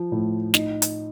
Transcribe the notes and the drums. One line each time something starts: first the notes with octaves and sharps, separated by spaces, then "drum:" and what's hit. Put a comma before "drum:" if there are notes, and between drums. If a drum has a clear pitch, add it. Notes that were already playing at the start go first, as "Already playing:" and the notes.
Already playing: F3
A2
D#4, drum: snare
drum: hi-hat